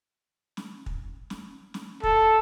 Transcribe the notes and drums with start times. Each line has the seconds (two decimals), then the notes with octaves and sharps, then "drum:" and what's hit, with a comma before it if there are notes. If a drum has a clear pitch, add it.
0.57 drum: snare
0.86 drum: kick
1.30 drum: snare
1.74 drum: snare
2.03 A4, drum: kick